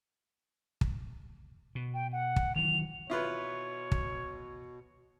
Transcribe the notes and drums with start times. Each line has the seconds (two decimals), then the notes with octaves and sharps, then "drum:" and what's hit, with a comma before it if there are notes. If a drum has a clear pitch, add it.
0.81 drum: kick
1.75 B2
1.94 G5
2.13 F#5
2.36 drum: kick
2.56 D#3 E3 F#3 F7
3.10 B2 E4 F4 B4 C#5
3.92 drum: kick